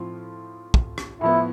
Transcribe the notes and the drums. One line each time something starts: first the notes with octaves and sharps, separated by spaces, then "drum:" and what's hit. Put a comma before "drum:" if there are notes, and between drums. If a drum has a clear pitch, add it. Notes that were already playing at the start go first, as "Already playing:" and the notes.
Already playing: A2 F3 C4 F4
drum: kick
drum: rim click
A2 F3 B3 E4